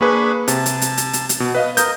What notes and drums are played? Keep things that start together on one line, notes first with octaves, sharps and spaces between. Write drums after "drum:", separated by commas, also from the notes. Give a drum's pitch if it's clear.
A#3 D4 G#4 B4 B5 C#6
C3 A5, drum: hi-hat
drum: hi-hat
drum: hi-hat
drum: hi-hat
drum: hi-hat
drum: hi-hat
B2
B4 D#5 F5
A#4 D#5 G6, drum: hi-hat